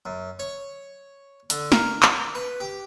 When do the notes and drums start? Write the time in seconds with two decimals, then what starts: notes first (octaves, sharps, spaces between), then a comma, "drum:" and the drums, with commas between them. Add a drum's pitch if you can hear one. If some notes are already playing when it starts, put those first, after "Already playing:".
0.06 F#2
0.39 C#5
1.50 D3, drum: hi-hat
1.72 A#4, drum: snare
2.03 drum: clap
2.35 B4
2.60 G4